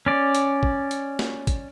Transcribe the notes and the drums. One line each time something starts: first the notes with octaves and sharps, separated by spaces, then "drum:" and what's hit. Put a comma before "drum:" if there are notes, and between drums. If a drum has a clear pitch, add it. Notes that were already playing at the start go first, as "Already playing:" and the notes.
C#4 D5
drum: hi-hat
drum: kick
drum: hi-hat
drum: snare
drum: kick, hi-hat